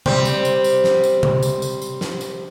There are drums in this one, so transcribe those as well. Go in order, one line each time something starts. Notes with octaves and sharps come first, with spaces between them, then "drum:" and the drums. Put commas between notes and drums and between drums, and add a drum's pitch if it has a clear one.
G3 C4, drum: tom C3
drum: tambourine
drum: tambourine
drum: tambourine
drum: snare
drum: tambourine
drum: tom C3
drum: tambourine
drum: tambourine
drum: tambourine
drum: snare
drum: tambourine